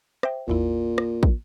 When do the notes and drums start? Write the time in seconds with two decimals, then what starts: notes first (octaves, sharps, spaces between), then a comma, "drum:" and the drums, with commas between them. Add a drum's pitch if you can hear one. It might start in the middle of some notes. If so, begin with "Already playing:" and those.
0.23 C5 E5 G5, drum: rim click
0.48 A1 E2 A#2 E4
0.98 drum: rim click
1.23 drum: kick